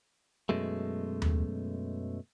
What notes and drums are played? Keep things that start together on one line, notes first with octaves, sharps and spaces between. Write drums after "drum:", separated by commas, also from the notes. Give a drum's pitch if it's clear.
F#2 B2 G#3 A3
drum: tom D#2